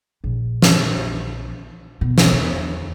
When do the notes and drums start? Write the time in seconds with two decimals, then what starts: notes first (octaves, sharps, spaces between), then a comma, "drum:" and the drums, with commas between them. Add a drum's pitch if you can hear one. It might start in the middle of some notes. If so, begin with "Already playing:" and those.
0.24 A#1
0.62 drum: snare
2.01 B2
2.18 drum: snare
2.32 E2